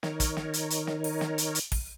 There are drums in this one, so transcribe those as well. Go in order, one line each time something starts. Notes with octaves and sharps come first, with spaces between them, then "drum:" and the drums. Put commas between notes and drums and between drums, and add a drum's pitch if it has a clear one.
D#3 D#4 A#4 C#5, drum: snare
drum: kick, hi-hat
drum: snare
drum: hi-hat
drum: hi-hat
drum: snare
drum: open hi-hat
drum: snare
drum: hi-hat
drum: hi-hat
drum: kick, open hi-hat